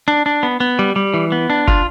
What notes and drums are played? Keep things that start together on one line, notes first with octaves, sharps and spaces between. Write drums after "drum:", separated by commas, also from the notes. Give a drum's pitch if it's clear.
D4
D4
B3
B3
G3
G3
E3
B3
D4
F4, drum: kick F#1